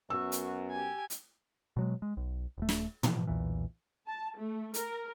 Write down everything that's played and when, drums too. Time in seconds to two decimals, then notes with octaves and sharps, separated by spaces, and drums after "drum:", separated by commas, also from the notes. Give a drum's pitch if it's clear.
0.10 F#2 B3 F#4 E6
0.32 drum: hi-hat
0.71 G4 G#5
1.10 drum: hi-hat
1.77 B2 F#3 G#3
2.02 G#3
2.17 B1
2.58 D#1 A3
2.69 drum: snare
3.03 B2 E3 F3, drum: tom
3.27 B1 E2 A#2 E3
4.07 A5
4.38 A3
4.74 A#4, drum: hi-hat